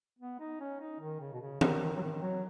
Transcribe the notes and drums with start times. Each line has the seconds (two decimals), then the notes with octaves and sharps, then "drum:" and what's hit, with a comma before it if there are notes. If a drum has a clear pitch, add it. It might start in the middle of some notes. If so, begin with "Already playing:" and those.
0.19 B3
0.39 D#4
0.60 C#4
0.80 D#4
1.00 D#3
1.20 C#3
1.33 B2
1.41 C#3
1.61 D#3, drum: tom E3
1.82 D#3
1.97 F#3
2.02 D#3
2.22 F#3